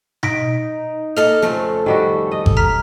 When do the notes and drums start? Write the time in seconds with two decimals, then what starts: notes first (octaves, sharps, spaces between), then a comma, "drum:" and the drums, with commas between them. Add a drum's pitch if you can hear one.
0.23 D#4 A#6 B6 D7, drum: tom B2
1.17 A#3 A4 D#5 F6 F7
1.42 F2 C#3 A3 C4 A4
1.86 D#3 G3 F#4
2.31 D#5
2.46 drum: kick G#1
2.57 A#5 F6 B6